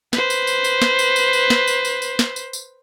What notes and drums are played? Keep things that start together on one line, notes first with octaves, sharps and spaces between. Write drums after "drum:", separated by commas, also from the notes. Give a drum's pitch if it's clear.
B4 C5, drum: snare
drum: tambourine
drum: tambourine
drum: tambourine
drum: snare
drum: tambourine
drum: tambourine
drum: tambourine
drum: snare
drum: tambourine
drum: tambourine
drum: tambourine
drum: snare
drum: tambourine
drum: tambourine